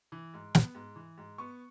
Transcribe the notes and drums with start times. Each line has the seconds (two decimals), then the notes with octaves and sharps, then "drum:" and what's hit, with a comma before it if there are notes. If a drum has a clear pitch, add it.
0.12 E3
0.34 G#2
0.55 B3, drum: snare
0.75 G#2
0.96 E3
1.18 G#2
1.38 B3 C#6